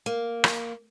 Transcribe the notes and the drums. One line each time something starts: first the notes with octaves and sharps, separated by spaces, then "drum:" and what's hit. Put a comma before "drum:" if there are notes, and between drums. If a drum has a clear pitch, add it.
A#3
drum: rim click